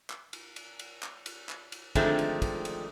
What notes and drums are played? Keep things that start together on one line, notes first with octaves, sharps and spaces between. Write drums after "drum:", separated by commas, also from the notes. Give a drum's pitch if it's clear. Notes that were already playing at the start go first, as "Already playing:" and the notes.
drum: clap
drum: cymbal
drum: cymbal
drum: cymbal
drum: clap
drum: cymbal
drum: clap
drum: cymbal
D3 D#3 F3 G#3 A3 C4, drum: kick, cymbal
drum: cymbal
drum: kick, cymbal
drum: cymbal